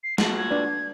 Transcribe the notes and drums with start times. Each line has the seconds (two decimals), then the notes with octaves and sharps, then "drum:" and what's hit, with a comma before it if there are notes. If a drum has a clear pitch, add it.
0.03 C7
0.18 A#2 F#4 A5, drum: snare
0.38 G#6
0.51 D4 B4 D5